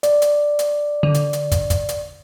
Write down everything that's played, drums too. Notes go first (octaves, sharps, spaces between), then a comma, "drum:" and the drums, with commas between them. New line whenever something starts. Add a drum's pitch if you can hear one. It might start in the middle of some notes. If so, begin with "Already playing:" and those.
D5, drum: hi-hat
drum: hi-hat
drum: hi-hat
D3
drum: hi-hat
drum: hi-hat
drum: kick, hi-hat
drum: kick, hi-hat
drum: hi-hat